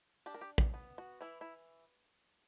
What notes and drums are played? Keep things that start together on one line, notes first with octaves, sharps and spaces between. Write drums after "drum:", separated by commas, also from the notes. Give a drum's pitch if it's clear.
D4 G4
A#4
G4
drum: kick
B3
F#4
E3 E4
E4